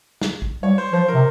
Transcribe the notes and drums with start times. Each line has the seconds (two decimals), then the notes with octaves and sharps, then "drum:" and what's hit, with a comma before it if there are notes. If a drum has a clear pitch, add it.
0.22 drum: snare
0.42 drum: kick
0.63 G3 C#5
0.78 C5
0.93 F3 C5
1.08 A#4
1.14 C3